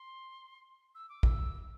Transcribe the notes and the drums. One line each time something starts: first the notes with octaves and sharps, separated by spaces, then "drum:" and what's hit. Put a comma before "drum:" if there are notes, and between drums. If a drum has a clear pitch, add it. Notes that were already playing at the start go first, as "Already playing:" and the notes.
Already playing: C6
E6
D6
E6, drum: kick